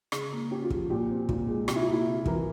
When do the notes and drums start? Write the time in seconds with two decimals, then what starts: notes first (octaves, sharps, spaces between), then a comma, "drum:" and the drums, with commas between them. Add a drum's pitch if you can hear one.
0.12 C#3, drum: rim click
0.32 A#3
0.51 C#4 G4
0.64 F4
0.70 F3, drum: kick
0.90 A#2 G4
1.10 C4
1.29 A#2 F4, drum: kick
1.48 G#3
1.68 C3 G4, drum: rim click
1.76 E4
1.80 F4
1.88 A#3
1.93 E4
2.07 C3 F4
2.26 E3 A#4, drum: kick